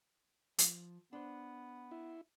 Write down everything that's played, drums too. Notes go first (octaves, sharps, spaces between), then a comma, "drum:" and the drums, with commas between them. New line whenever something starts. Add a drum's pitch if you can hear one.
F3, drum: hi-hat
B3 D4 C5
E4